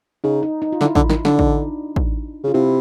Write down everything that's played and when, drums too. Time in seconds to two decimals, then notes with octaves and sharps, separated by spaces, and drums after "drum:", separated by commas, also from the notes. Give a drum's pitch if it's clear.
0.24 C#3 D#4
0.43 D#4
0.62 D#4
0.72 F4
0.81 D3 E4, drum: snare
0.95 D3, drum: kick A1
1.10 D#3, drum: snare
1.25 D3 D4, drum: snare
1.39 D#4, drum: kick A1
1.96 drum: kick A1
2.44 C#3 F4
2.54 C3 E4